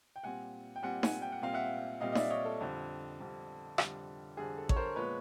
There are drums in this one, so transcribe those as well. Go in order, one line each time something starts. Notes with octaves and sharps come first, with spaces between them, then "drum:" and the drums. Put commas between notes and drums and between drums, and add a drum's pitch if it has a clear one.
G5
A#2 G3 C4 F#5 G#5
G5
A#2 G3 C4 F#5 G#5
F#5 G#5, drum: snare D#4
G5
F#5
A#2 G3 C4 F5
E5 F#5
A#2 G3 C4 D#5 F5
D#5
D5 E5, drum: snare D#4
C#5 D#5
A4
F2 D3 G3
F2 D3 G3
F2 D3 G3, drum: rim click
F2 D3 G3 G#4
A4
C#5, drum: kick A1
A#4 C5
A#2 F3 G#3 B3 B4 C#5